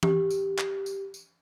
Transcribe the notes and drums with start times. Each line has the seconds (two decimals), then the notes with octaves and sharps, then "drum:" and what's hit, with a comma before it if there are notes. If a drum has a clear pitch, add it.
0.03 G4, drum: tom E3
0.31 drum: tambourine
0.58 drum: clap
0.86 drum: tambourine
1.14 drum: tambourine